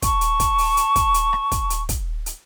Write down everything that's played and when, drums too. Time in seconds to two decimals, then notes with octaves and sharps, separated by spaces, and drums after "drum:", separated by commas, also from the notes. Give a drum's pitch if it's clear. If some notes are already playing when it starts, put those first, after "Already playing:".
0.02 A5 C#6, drum: kick, hi-hat
0.21 drum: hi-hat
0.40 drum: kick, hi-hat
0.58 drum: open hi-hat
0.77 drum: hi-hat
0.96 drum: kick, hi-hat
1.14 drum: hi-hat
1.33 drum: rim click
1.51 drum: kick, hi-hat
1.70 drum: hi-hat
1.89 drum: kick, hi-hat
2.26 drum: hi-hat